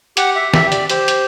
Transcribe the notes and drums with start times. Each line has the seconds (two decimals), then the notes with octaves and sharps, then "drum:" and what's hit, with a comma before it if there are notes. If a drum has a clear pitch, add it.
0.17 G4 F#5, drum: hi-hat
0.35 E5
0.41 G4
0.54 E5, drum: snare
0.65 G4
0.72 D5, drum: hi-hat
0.89 G4 C5, drum: hi-hat
1.08 drum: hi-hat